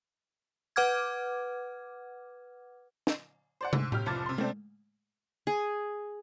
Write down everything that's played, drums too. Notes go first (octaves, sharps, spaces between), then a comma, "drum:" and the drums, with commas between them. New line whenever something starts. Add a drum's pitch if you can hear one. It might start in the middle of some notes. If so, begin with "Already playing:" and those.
B4 F#5 D6 F6 G#6
drum: snare
C5 D5 F#5
G#2 E6, drum: tom
G1 G4 F6, drum: tom A2
F1 C2 F3 A5 D6 A6
C3 C6
C3 A3 C4 D4, drum: tom G#3
G#4